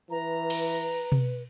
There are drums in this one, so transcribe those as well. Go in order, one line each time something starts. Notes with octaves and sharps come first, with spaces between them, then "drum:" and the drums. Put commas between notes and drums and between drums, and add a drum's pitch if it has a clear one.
E3 B4 A#5
drum: cymbal
drum: tom B2